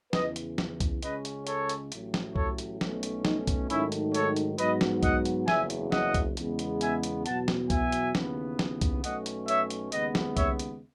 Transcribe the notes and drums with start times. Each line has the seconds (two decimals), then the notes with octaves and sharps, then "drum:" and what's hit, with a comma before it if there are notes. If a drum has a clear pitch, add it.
0.13 E2 C#3 E3 B4 D#5, drum: snare
0.36 drum: hi-hat
0.58 drum: snare
0.80 drum: kick C2, hi-hat
1.03 C#2 C#3 G#3 C#4 B4 D#5, drum: hi-hat
1.25 drum: hi-hat
1.47 A4 C#5, drum: hi-hat
1.69 drum: hi-hat
1.92 A1 A2 F#3, drum: hi-hat
2.14 drum: snare
2.36 A4 C#5, drum: kick C2
2.58 drum: hi-hat
2.81 B1 B2 A3 C#4, drum: snare
3.03 drum: hi-hat
3.25 D#4, drum: snare
3.47 drum: kick C2, hi-hat
3.70 G#2 D#3 F#3 A3 C#4 E4, drum: hi-hat
3.92 drum: hi-hat
4.14 A4 C#5, drum: hi-hat
4.36 drum: hi-hat
4.58 G#2 F#3 B3 B4 D#5, drum: hi-hat
4.81 drum: snare
5.03 D#5 F#5, drum: kick C2, hi-hat
5.25 drum: hi-hat
5.48 F#1 E2 C#3 E5 G#5, drum: snare
5.70 drum: hi-hat
5.92 D#5 F#5, drum: snare
6.14 drum: kick C2, hi-hat
6.37 E2 C#3 G#3 B3, drum: hi-hat
6.59 drum: hi-hat
6.81 E5 G#5, drum: hi-hat
7.03 drum: hi-hat
7.26 E2 B2 F#3 B3 F#5 A5, drum: hi-hat
7.48 drum: snare
7.70 E5 G#5, drum: kick C2, hi-hat
7.92 drum: hi-hat
8.15 D#2 C#3 E3 B3, drum: snare
8.59 drum: snare
8.81 drum: kick C2, hi-hat
9.04 B1 B2 A3 C#4 D#5 F#5, drum: hi-hat
9.26 drum: hi-hat
9.48 C#5 E5, drum: hi-hat
9.70 drum: hi-hat
9.92 D#2 C#3 G#3 B3 B4 D#5, drum: hi-hat
10.15 drum: snare
10.37 C#5 E5, drum: kick C2, hi-hat
10.59 drum: hi-hat